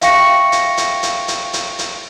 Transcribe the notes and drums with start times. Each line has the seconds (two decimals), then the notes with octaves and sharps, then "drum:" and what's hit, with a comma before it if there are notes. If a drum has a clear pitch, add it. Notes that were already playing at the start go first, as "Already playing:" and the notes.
0.01 E5 F5 G5 C#6 A#6 C#7, drum: hi-hat
0.52 drum: hi-hat
0.77 drum: hi-hat
1.03 drum: hi-hat
1.28 drum: hi-hat
1.53 drum: hi-hat
1.78 drum: hi-hat